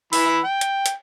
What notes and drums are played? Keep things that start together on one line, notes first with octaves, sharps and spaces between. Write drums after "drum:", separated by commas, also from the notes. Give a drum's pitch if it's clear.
E3 B5 E6, drum: open hi-hat
G5
drum: hi-hat
drum: hi-hat